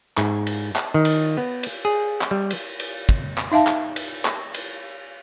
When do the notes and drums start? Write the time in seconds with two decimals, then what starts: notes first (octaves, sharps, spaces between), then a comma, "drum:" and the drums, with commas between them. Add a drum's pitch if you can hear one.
0.18 G#2, drum: clap
0.47 drum: cymbal
0.76 drum: clap
0.94 D#3
1.05 drum: cymbal
1.37 B3
1.63 drum: cymbal
1.85 G#4
2.21 drum: clap
2.31 G3
2.51 drum: cymbal
2.80 drum: cymbal
3.09 drum: kick
3.38 drum: clap
3.52 D#4 E5 F5 A5
3.67 drum: clap
3.96 drum: cymbal
4.25 drum: clap
4.54 drum: cymbal